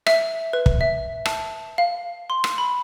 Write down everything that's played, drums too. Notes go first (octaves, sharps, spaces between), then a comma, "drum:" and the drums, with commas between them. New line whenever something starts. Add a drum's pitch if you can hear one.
E5, drum: rim click
B4
drum: kick
E5
A5, drum: rim click
F5
C6
drum: rim click
B5